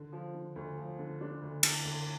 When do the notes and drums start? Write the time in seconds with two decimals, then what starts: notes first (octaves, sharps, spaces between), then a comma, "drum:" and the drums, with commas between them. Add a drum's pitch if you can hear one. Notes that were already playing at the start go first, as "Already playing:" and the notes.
Already playing: D3
0.12 F3
0.34 D3
0.56 D2
0.78 F3
0.99 D3
1.21 D4
1.42 D2
1.63 D3, drum: cymbal
1.85 D2